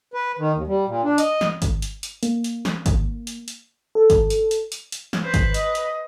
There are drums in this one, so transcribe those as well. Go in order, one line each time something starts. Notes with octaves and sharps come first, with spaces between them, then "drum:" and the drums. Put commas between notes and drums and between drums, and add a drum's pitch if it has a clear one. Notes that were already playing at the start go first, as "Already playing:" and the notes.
B4
D#3
D#2
G3
A#2
D4
D#5, drum: hi-hat
drum: snare
drum: kick G#1, hi-hat
drum: hi-hat
drum: hi-hat
A#3, drum: hi-hat
drum: hi-hat
drum: snare
drum: kick G#1, hi-hat
drum: hi-hat
drum: hi-hat
A4
drum: kick G#1, hi-hat
drum: hi-hat
drum: hi-hat
drum: hi-hat
drum: hi-hat
drum: snare
B4 C5
drum: kick G#1, hi-hat
D#5, drum: hi-hat
drum: hi-hat